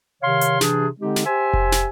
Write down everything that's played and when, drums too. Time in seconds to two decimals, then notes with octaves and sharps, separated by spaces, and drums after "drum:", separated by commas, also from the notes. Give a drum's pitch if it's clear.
0.23 C3 D#3 C#5 F5 C6
0.41 drum: hi-hat
0.61 C3 E3 D4 G4 G#4, drum: snare
1.00 D3 G#3 C4 D#4 G4
1.16 drum: snare
1.26 G4 C5 E5 G#5
1.53 drum: kick F1
1.72 drum: snare